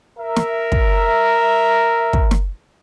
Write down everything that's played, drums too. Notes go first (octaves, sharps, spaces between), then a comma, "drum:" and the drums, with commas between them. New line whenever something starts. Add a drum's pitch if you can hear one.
A#4 E5
drum: snare
drum: kick
drum: kick
drum: snare